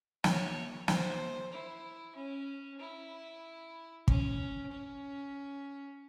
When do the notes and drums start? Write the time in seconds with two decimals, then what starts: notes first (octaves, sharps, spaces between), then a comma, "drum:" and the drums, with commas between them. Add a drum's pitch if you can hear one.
0.24 C#5, drum: snare
0.88 C5, drum: snare
1.52 E4
2.16 C#4
2.79 E4
4.08 C#4, drum: kick
4.71 C#4